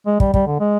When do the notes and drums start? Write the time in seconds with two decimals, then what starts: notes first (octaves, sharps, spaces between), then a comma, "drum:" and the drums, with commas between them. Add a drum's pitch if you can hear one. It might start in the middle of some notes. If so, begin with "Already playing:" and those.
0.06 G#3
0.20 G3, drum: kick
0.34 G3, drum: kick
0.47 D3
0.60 G#3